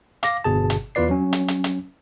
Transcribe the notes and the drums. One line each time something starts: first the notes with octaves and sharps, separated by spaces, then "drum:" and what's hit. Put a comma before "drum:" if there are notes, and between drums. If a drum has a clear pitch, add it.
F5 D6 A#6, drum: hi-hat
G1 B2 G#4 A5
drum: hi-hat
E2 E3 F4 B4 D5 C7
F#3 C#4
drum: hi-hat
drum: hi-hat
drum: hi-hat